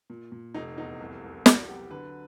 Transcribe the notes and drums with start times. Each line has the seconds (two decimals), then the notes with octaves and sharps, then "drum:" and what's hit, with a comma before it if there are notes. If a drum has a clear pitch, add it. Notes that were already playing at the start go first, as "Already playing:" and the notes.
0.10 A#2
0.32 A#2
0.54 F1 D#4
0.77 E2 D#4
1.00 C2
1.23 C2
1.46 E2 F#4, drum: snare
1.68 F#3 G4
1.91 D3 B4